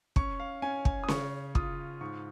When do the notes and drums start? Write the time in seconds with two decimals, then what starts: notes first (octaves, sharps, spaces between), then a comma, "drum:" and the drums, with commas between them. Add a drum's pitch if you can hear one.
0.16 C#4 C#6, drum: kick
0.40 F5
0.62 C#4 G#5
0.85 G#5, drum: kick
1.04 D#6
1.08 C#3 C#6, drum: snare C#4
1.55 F4 D#6, drum: kick
2.01 G#2 C#6